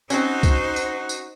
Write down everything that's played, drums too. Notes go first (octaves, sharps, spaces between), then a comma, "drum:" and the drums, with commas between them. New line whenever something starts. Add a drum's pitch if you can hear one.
C4 C#4 D#4 F#4 C5, drum: tambourine
drum: kick, tambourine
drum: tambourine
drum: tambourine